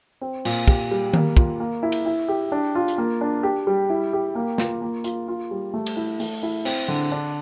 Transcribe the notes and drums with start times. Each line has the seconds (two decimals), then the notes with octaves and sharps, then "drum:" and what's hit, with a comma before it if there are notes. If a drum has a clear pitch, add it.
0.21 C4
0.45 A#2, drum: cymbal
0.68 G4, drum: kick
0.91 G3
1.14 A#3, drum: tom D#3
1.37 F4, drum: kick
1.60 A#3
1.83 E4
1.92 drum: cymbal
2.06 E4
2.28 G4
2.52 D4
2.75 F4
2.88 drum: hi-hat
2.98 A#3
3.21 D4
3.43 G4
3.67 G3
3.90 E4
4.13 G4
4.35 A#3
4.58 F4, drum: snare
4.82 A#3
5.04 F4, drum: hi-hat
5.28 F4
5.51 G3
5.74 A3
5.86 drum: cymbal
5.97 E4
6.20 A3, drum: open hi-hat
6.43 E4
6.65 C4, drum: cymbal
6.88 D3
7.12 D4